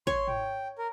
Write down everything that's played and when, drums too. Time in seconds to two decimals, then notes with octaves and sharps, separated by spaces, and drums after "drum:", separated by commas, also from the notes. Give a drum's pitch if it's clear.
0.07 C#5 C6, drum: kick
0.28 G5, drum: tom G#2
0.78 A#4